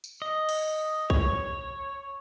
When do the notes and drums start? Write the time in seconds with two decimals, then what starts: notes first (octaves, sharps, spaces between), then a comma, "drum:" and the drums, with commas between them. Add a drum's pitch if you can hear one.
0.04 drum: tambourine
0.22 D#5
0.49 drum: cymbal
1.10 C#5, drum: kick B1